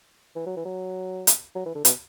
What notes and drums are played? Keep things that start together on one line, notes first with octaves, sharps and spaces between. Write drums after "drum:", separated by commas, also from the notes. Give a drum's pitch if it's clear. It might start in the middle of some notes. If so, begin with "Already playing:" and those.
E3
F#3
E3
F#3
drum: hi-hat
F#3
E3
D3
B2, drum: hi-hat